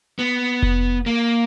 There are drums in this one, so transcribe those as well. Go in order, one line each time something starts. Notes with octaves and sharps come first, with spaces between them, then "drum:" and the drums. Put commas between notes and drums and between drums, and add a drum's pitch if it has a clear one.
B3
drum: kick F1
A#3